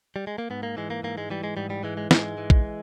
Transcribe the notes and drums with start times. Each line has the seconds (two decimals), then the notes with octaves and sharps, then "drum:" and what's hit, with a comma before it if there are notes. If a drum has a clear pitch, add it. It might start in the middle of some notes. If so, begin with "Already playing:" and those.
0.16 G3
0.27 G#3
0.38 A#3
0.50 G#2 B3
0.63 A#3
0.77 E3 G#3
0.90 A#3
1.03 G#2 A#3
1.18 G#3
1.30 E3 G3
1.44 G#3
1.57 G#2 G3
1.70 G3
1.83 E3 G#3
1.97 G#3
2.11 G#2 G#3, drum: snare
2.38 E3
2.50 drum: kick